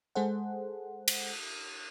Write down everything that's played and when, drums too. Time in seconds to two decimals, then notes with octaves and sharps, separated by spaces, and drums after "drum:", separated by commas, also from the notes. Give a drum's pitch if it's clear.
0.15 G#3 G#4 A4 C5 F#5
1.08 drum: cymbal